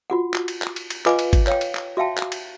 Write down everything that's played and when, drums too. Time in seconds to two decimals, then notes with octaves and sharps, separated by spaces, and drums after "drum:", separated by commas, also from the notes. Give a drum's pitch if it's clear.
0.10 F4 F#4 F#5
0.34 drum: clap
0.48 drum: cymbal
0.62 drum: clap
0.76 drum: cymbal
0.90 drum: cymbal
1.06 F4 B4 D#5 F5 G#5 D6, drum: clap
1.19 drum: cymbal
1.33 drum: kick G#1, cymbal
1.47 C#5 F5 G5, drum: clap
1.61 drum: cymbal
1.75 drum: clap
1.97 F#4 E5 F5 G5 A5
2.18 drum: clap
2.32 drum: cymbal